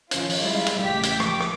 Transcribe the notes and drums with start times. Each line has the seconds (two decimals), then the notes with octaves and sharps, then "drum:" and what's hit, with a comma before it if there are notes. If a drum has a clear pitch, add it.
0.11 D#3 F3 C#4 F4, drum: hi-hat
0.30 drum: open hi-hat
0.42 G3 G#3 E4 F4
0.66 drum: hi-hat
0.80 A1 C#3 G4 B6
1.03 drum: hi-hat
1.20 F3 D6, drum: rim click
1.40 drum: rim click